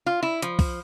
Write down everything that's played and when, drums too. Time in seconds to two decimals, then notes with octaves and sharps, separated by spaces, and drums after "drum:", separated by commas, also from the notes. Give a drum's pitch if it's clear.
0.06 F4
0.23 E4
0.42 F3, drum: hi-hat
0.59 drum: kick, open hi-hat